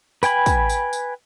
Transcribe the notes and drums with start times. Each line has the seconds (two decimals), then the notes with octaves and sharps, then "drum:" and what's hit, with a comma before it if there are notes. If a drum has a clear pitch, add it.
0.23 B4 G5 G#5 B5, drum: tambourine
0.46 drum: kick, tambourine
0.69 drum: tambourine
0.93 drum: tambourine